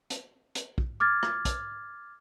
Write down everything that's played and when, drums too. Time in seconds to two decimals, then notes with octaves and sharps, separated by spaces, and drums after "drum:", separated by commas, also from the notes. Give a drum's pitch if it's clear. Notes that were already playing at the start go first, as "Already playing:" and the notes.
0.10 drum: hi-hat
0.55 drum: hi-hat
0.78 drum: kick
1.00 D6 F6 G#6 A6
1.23 drum: rim click
1.45 drum: kick, hi-hat